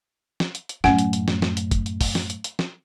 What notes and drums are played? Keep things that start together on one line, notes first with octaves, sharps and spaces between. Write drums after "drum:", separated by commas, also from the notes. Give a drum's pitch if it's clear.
drum: snare
drum: hi-hat
drum: hi-hat
F#2 A2 C#4 F#5, drum: snare
drum: hi-hat
drum: hi-hat
drum: snare
drum: snare
drum: hi-hat
drum: kick, hi-hat
drum: hi-hat
drum: kick, open hi-hat
drum: snare
drum: hi-hat
drum: hi-hat
drum: snare